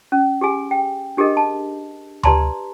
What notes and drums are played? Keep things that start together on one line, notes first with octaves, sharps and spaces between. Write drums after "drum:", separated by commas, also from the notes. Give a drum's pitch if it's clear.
C#4
G4 G#4 G#5
G5
D4 G4 G#4 A#4 D#5
A5
G4 B4 D5 A5 A#5 C6, drum: tom D2